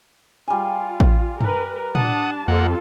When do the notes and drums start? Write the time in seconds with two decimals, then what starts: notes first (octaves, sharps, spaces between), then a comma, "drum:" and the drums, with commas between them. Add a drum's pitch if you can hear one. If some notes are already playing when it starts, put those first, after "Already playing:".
0.48 G3 F4 G#5
1.00 drum: kick A1
1.41 A#4 B4, drum: tom F#2
1.95 D4 F#5 A5 D#6, drum: tom
2.48 F2 A#3 F4 A4 F#5